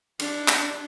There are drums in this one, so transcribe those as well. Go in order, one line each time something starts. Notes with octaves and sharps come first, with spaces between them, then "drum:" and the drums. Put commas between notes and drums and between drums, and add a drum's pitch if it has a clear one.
D4, drum: cymbal
drum: clap